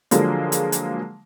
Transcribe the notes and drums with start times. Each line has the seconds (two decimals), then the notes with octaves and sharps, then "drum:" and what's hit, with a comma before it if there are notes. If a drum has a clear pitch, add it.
0.11 D3 F3 F#3 G#3 A#3, drum: hi-hat
0.52 drum: hi-hat
0.72 drum: hi-hat